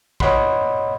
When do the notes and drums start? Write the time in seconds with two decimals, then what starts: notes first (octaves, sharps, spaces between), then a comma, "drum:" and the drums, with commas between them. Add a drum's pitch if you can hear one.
0.20 C#5 D#5 F#5 B5 C6, drum: kick